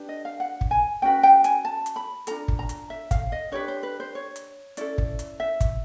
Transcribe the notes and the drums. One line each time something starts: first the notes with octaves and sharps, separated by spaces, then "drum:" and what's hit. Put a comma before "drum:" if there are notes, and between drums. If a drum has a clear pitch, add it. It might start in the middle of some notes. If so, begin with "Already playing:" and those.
Already playing: D4 G4 B4
D#5
F5
F#5
drum: kick
G#5
C#4 F#4 B4 G5
G5
G#5, drum: hi-hat
A5
drum: hi-hat
B5
D4 F4 A4 A#5, drum: hi-hat
drum: kick
A#5
drum: hi-hat
E5
F5, drum: kick, hi-hat
D#5
D4 G4 B4 C#5
C5
B4
C5
C#5
drum: hi-hat
C#4 E4 A4 D5, drum: hi-hat
drum: kick
drum: hi-hat
E5
drum: kick, hi-hat